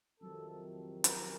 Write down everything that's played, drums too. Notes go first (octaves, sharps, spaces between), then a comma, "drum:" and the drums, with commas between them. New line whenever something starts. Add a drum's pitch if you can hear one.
F2 C3 D#3 F#3 A4
A#4, drum: hi-hat